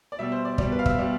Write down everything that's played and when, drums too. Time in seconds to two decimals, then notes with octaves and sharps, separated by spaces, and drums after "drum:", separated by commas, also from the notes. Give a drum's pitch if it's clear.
0.12 D5
0.19 B2 G3 E5
0.32 C5
0.45 D5
0.58 B2 G3 D5, drum: kick
0.72 B4
0.79 F5
0.86 E5, drum: kick
0.98 B2 G3